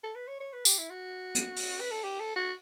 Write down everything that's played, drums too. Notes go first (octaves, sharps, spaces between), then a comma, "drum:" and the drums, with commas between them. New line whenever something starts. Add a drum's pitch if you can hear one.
A4
B4
C#5
C#5
B4
G4, drum: tambourine
E4
F#4
drum: hi-hat
drum: open hi-hat
B4
A4
G4
A4
F#4